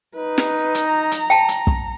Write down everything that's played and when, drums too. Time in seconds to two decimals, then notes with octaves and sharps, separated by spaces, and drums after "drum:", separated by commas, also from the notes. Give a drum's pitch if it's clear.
0.16 D#4 B4
0.38 drum: snare
0.75 drum: hi-hat
0.88 A#5
1.12 drum: hi-hat
1.30 G5 A5
1.48 drum: hi-hat
1.67 drum: kick